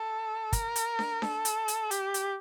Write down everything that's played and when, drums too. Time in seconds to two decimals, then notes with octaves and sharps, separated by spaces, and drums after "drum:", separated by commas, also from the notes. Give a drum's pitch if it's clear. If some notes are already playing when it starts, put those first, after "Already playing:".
Already playing: A4
0.53 A#4, drum: kick, hi-hat
0.76 drum: hi-hat
0.99 drum: snare D4
1.22 A4, drum: snare D4
1.45 drum: hi-hat
1.68 drum: hi-hat
1.91 G4, drum: hi-hat
2.14 drum: hi-hat